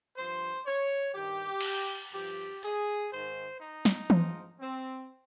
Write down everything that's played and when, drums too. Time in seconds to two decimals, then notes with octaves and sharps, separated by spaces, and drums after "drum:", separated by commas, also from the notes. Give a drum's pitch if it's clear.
0.16 G2 F3 C5
0.66 C#5
1.14 G2 D#3 G4
1.61 drum: cymbal
2.13 G2 F3 G4
2.63 G#4, drum: hi-hat
3.12 G#2 D#3 C5
3.60 D#4
3.85 drum: snare
4.10 G#2 F3, drum: tom E3
4.60 C4